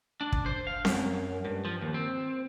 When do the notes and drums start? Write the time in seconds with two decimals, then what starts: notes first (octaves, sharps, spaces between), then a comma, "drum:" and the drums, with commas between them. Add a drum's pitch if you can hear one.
0.21 D4
0.32 drum: kick
0.46 C5
0.67 F5
0.85 F#2, drum: snare C4
1.45 G2
1.65 F3
1.81 D#2
1.94 C4